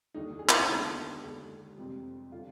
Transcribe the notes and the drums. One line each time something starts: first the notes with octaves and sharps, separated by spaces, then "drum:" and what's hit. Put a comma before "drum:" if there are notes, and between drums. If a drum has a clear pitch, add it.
D#2 D3 G3 D#4
G#4
G4, drum: clap
F4
D#2 D3 G#3 B3 D4 D#4
D#2 D3 G#3
F2 C3 G3 C4
D3 G3 F4